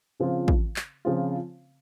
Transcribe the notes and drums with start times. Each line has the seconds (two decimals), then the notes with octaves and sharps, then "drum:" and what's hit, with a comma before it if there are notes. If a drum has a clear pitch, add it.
0.20 C#3 F3 C4 F4
0.48 drum: kick
0.76 drum: clap
1.05 C#3 F3 C4 F4